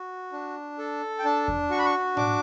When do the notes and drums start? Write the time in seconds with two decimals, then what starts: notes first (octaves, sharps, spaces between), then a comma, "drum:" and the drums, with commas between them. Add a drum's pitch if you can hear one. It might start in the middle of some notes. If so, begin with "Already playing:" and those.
Already playing: F#4
0.32 D4
0.78 A4
1.19 G5
1.25 D4 A5
1.48 drum: kick E2
1.70 F#4 C#6
1.79 B5
1.85 C#6
2.17 D4 D6, drum: tom A2